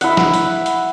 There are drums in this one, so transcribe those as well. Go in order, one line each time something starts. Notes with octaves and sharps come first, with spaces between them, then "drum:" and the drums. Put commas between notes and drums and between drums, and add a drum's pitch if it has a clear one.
E4 F#5, drum: hi-hat
drum: snare
drum: hi-hat
drum: hi-hat